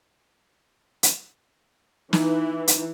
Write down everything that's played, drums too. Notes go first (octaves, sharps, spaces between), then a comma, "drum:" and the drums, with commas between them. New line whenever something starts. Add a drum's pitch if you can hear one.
drum: hi-hat
E3 D#4, drum: snare
drum: hi-hat